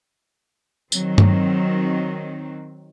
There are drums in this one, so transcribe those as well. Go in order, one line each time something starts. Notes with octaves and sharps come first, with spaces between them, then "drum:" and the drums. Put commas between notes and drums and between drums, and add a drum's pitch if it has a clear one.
D#3 F#3 C4, drum: tambourine
drum: tom G2